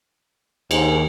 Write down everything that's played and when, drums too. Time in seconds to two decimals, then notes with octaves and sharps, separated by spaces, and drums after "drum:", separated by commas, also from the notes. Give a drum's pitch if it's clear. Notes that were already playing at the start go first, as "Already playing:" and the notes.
0.71 D#2 G#2, drum: cymbal